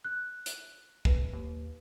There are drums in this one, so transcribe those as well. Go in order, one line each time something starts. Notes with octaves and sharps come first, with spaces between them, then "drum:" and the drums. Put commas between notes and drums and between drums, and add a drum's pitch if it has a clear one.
F#6
drum: hi-hat
D1 B4, drum: kick
D#2